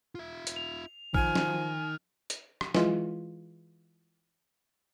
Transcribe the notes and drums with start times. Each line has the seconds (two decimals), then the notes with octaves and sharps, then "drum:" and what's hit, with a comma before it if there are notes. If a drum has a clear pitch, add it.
0.15 F4 E5
0.47 drum: hi-hat
0.56 F7
1.14 D#3 F3 D#4 G#5 F6, drum: kick
1.36 drum: snare
2.30 drum: hi-hat
2.61 drum: rim click
2.75 E3 G#3 F4, drum: snare